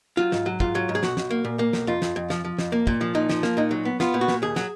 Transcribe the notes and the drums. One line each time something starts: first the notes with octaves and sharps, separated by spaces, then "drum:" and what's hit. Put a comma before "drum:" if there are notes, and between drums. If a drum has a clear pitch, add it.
F#3 F4
G#2, drum: snare
F#3
G#2 F4, drum: kick
F#3
G#2
G#4
B1 F#4, drum: snare
B1, drum: snare
A#3
A#2
A#3
B1, drum: snare
F2 F4
F2, drum: snare
F2
F3, drum: snare
F3
F2, drum: snare
A#3
A#2, drum: kick
F3
A#2 D#4
F3, drum: snare
A#3, drum: snare
A#2 D#4
F#3
B3
B3 F4, drum: snare
A#2
F#4
A#2, drum: snare
D#2 G#4
F#3, drum: snare